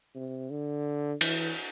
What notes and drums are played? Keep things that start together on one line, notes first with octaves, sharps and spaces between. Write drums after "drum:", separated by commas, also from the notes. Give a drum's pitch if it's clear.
C3
D3
E3, drum: cymbal